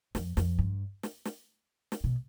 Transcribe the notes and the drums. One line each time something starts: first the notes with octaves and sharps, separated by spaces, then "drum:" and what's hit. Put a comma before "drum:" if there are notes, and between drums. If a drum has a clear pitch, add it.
F2, drum: snare
F2, drum: snare
G2
drum: snare
drum: snare
drum: snare
B2